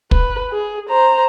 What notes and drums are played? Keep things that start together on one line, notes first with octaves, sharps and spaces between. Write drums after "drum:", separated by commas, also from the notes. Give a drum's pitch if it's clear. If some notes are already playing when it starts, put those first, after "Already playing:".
B4, drum: kick
G#4
C5 A#5